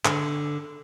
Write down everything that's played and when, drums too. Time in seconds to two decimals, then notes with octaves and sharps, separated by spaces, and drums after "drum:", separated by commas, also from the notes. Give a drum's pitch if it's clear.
0.05 D3, drum: clap